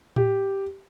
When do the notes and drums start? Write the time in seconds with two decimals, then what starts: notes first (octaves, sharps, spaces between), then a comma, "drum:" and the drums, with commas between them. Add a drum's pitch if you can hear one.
0.16 G4, drum: tom A2